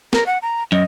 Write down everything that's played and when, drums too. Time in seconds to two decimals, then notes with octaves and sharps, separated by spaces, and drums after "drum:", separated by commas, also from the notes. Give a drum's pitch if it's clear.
0.13 A#4, drum: snare
0.26 F#5
0.42 A#5
0.72 F#2 D#5